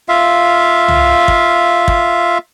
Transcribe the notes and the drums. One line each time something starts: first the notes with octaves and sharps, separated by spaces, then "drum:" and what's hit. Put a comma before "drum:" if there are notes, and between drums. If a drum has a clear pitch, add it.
F4 E5 F5
drum: tom
drum: kick
drum: kick